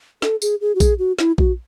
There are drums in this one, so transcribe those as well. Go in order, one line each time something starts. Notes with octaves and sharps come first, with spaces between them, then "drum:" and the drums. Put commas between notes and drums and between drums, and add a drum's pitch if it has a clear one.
A4, drum: snare
G#4, drum: tambourine
G#4
F#4
G#4, drum: kick A#1, tambourine
F#4
E4, drum: snare
F#4, drum: kick A#1